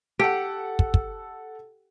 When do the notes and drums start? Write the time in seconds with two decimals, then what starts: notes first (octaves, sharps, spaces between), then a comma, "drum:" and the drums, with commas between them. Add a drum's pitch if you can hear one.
0.19 G4 A4 F#5
0.79 drum: kick
0.94 drum: kick